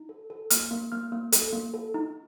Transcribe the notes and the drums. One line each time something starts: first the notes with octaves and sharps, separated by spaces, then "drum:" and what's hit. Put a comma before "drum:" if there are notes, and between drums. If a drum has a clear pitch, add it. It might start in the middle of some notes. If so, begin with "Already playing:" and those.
Already playing: D#4
A4
A4
A#3 F6, drum: hi-hat
A#3
A#3 F6
A#3
A4, drum: hi-hat
A#3
A4
D#4